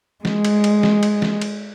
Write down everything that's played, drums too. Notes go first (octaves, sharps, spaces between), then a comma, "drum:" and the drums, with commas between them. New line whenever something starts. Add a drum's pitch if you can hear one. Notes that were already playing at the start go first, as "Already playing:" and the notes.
G#3, drum: snare
drum: cymbal
drum: cymbal
drum: snare
drum: cymbal
drum: snare
drum: cymbal